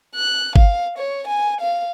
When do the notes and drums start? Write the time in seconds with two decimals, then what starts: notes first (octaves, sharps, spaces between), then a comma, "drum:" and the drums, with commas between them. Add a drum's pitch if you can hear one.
0.16 F#6
0.56 F5, drum: kick G1
0.97 C#5
1.27 G#5
1.60 F5